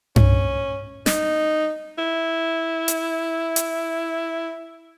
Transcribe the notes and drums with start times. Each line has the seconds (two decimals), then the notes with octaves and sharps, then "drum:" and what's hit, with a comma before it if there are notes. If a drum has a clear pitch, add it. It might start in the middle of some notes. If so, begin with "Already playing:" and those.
0.16 C#4, drum: tom G2
1.06 D#4, drum: snare
1.98 E4
2.88 drum: hi-hat
3.56 drum: hi-hat